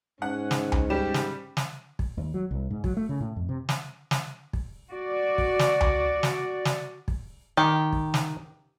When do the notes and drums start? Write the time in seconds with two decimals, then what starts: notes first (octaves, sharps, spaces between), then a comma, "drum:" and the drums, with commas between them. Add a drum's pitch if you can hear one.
0.22 G#2 C#4 F#5 F#6
0.51 drum: snare
0.72 drum: tom D2
0.90 G3 G4 E7
1.14 drum: snare
1.57 drum: snare
1.99 drum: kick
2.17 D#2
2.34 F#3
2.51 C2
2.71 G#2
2.84 F#3, drum: kick
2.97 A3
3.09 C#3
3.21 A2
3.36 F2
3.49 C3
3.69 drum: snare
4.11 drum: snare
4.53 drum: kick
4.91 F#4 D5
5.38 drum: kick
5.59 drum: snare
5.81 drum: tom D2
6.23 drum: snare
6.65 drum: snare
7.08 drum: kick
7.57 D#3 G4
7.93 drum: kick
8.14 drum: snare